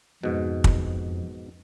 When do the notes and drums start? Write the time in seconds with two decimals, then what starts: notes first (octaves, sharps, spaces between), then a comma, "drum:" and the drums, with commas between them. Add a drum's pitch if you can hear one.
0.23 F2 G#2 B2
0.64 drum: kick